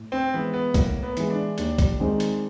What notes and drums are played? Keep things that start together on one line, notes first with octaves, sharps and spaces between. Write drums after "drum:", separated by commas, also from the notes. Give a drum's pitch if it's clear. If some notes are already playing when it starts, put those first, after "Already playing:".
Already playing: A2
C4
E3 G#3 B3
B3
A2 A#3, drum: kick B1, hi-hat
B3
E3 G#3, drum: hi-hat
D4
D#2 D4, drum: hi-hat
drum: kick B1, hi-hat
D#3 G#3 C4 D#4
drum: hi-hat